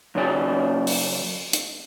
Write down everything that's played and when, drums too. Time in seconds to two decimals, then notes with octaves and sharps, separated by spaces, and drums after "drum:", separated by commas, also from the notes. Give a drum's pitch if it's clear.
0.15 F#2 C#3 D5
0.87 drum: open hi-hat
1.53 drum: hi-hat